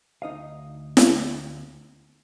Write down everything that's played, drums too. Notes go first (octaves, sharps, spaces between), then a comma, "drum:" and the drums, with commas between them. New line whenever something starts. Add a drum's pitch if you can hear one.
D2 D#4 D#5 F5
drum: snare